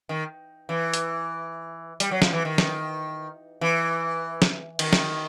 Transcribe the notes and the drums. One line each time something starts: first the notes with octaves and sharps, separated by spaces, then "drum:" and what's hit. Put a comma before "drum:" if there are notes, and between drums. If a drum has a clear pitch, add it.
D#3
E3
drum: hi-hat
G3, drum: hi-hat
F#3
F3, drum: snare
E3
D#3
drum: snare
E3
drum: snare
D#3, drum: cymbal
drum: snare